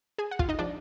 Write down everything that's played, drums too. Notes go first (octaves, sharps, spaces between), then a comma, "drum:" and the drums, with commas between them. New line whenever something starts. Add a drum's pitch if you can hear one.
G#4 G#5
F#5
F4 F5, drum: kick
D#4 D#5
F3 G#3 D4 D5